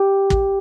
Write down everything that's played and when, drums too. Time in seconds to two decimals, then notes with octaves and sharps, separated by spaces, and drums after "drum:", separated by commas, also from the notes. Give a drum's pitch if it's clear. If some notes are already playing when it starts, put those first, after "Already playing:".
Already playing: G4
0.30 drum: kick